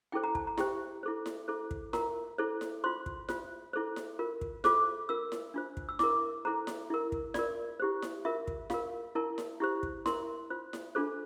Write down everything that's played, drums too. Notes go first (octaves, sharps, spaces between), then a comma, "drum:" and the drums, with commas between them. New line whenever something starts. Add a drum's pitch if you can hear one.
E4 A4 C5 G5
A#5
A5, drum: kick
A#5
E4 G4 C5 G5, drum: snare E4
E4 A4 C5
drum: snare E4
E4 A4 C5
drum: kick
F4 A#4 A#5, drum: snare E4
E4 A4 C5
drum: snare E4
F4 C5 C6
drum: kick
F4 C5, drum: snare E4
E4 A4 C5
drum: snare E4
F4 A#4
drum: kick
F4 A4 C5 D6, drum: snare E4
F4 A#4 E6
drum: snare E4
D4 F4 C5
drum: kick
E6
E4 A#4 D6, drum: snare E4
E4 A4 C5 A#5
drum: snare E4
E4 A#4
drum: kick
F4 A#4 D5, drum: snare E4
E4 G4 C5
drum: snare E4
F4 A#4 E5
drum: kick
F4 A#4 F5, drum: snare E4
E4 A#4 A5
drum: snare E4
E4 G4 C5
drum: kick
E4 A#4 C6, drum: snare E4
F4 C5
drum: snare E4
D4 F4 A4 C5